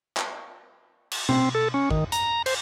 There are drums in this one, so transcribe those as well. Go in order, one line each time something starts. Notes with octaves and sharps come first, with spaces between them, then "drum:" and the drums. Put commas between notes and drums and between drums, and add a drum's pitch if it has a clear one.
drum: clap
drum: cymbal
C4, drum: tom B2
A4
C#4
D#3, drum: kick A1
A#5, drum: hi-hat
C5, drum: cymbal